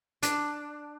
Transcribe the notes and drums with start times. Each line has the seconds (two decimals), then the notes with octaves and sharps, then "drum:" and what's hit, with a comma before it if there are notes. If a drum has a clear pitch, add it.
0.22 D4, drum: hi-hat